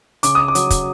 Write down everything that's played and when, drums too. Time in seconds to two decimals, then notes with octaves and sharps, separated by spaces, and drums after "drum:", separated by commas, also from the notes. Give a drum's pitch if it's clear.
0.23 C#3 D6, drum: hi-hat
0.35 D#6
0.48 D6
0.55 F#3, drum: hi-hat
0.70 drum: kick, hi-hat